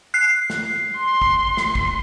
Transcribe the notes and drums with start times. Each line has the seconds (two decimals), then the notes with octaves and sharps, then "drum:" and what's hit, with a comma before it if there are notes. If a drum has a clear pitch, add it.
0.14 F#6 C7
0.50 drum: snare
0.97 C6
1.21 drum: kick
1.57 drum: snare
1.75 drum: kick